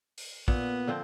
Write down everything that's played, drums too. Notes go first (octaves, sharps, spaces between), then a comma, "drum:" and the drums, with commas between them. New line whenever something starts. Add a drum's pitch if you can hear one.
drum: open hi-hat
A#2 B3, drum: kick
D3 F3 C4